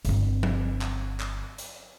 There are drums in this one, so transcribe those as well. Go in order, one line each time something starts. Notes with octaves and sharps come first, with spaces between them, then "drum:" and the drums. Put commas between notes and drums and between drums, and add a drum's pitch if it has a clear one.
G1 C4, drum: hi-hat
drum: tom F3
drum: clap
drum: clap
drum: hi-hat